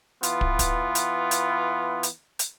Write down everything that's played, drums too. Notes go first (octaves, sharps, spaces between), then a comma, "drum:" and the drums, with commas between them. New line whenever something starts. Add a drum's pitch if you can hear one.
E3 B3 F4, drum: hi-hat
drum: kick
drum: kick, hi-hat
drum: hi-hat
drum: hi-hat
drum: hi-hat
drum: hi-hat